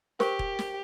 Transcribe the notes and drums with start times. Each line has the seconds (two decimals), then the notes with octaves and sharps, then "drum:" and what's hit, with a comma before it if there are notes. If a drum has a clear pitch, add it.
0.20 G4 A#4 C5 C#6, drum: snare
0.39 drum: kick E1
0.59 drum: snare